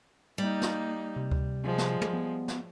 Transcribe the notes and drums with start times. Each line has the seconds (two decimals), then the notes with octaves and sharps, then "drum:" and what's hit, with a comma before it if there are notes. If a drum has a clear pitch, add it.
0.38 G3 A#3 D#4
0.61 drum: snare
1.16 C3
1.31 drum: kick D2
1.63 F3 G#3
1.78 drum: snare
2.01 drum: tom
2.14 B3
2.48 drum: snare